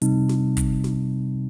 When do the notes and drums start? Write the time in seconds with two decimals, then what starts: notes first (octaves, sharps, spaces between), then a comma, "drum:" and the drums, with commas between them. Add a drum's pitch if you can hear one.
0.02 C3 G3 C4 D#4, drum: hi-hat
0.29 drum: snare
0.57 drum: kick, hi-hat
0.84 drum: snare